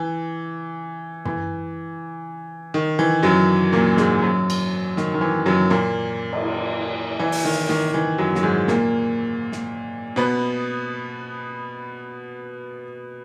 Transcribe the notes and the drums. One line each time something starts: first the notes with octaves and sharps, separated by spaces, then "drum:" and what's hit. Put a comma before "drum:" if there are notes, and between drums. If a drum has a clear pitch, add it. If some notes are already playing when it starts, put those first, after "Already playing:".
Already playing: E3
E3, drum: tom
D#3
E3
F#2 F#3
A#2 A#3
G#2 G#3, drum: snare
F#2 F#3
drum: cymbal
D#3, drum: snare
D#3
E3
F#2 F#3
A#2 A#3
drum: cymbal
E3
drum: open hi-hat
D#3
D#3, drum: snare
E3
F#2 F#3
F#3, drum: snare
G#2 G#3
A#2 A#3, drum: snare
drum: snare
B2 B3